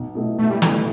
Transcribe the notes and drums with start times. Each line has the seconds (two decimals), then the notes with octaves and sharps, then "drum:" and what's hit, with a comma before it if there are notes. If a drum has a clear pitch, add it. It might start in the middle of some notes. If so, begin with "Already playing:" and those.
Already playing: B1
0.15 B2 A3 E4
0.38 B1 A3
0.50 G3
0.62 B2 G3 A3 E4, drum: snare
0.74 E3